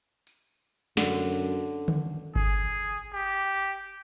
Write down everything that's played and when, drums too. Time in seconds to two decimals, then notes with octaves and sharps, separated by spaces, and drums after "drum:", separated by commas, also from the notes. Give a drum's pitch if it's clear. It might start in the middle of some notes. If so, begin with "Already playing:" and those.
0.27 drum: tambourine
0.97 F#2 D3, drum: snare
1.88 drum: tom D3
2.36 G#4, drum: kick G1
3.13 G4